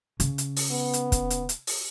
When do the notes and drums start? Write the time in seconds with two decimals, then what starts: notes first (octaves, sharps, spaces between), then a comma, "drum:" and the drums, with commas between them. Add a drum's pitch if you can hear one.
0.20 C#3, drum: hi-hat
0.38 drum: hi-hat
0.57 drum: open hi-hat
0.71 B3
0.93 drum: hi-hat
1.12 drum: kick, hi-hat
1.30 drum: hi-hat
1.49 drum: hi-hat
1.67 drum: open hi-hat